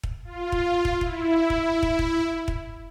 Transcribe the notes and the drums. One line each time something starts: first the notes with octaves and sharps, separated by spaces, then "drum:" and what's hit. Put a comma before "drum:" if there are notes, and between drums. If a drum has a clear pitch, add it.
drum: kick
F4
drum: kick
drum: kick
E4, drum: kick
drum: kick
drum: kick
drum: kick
drum: kick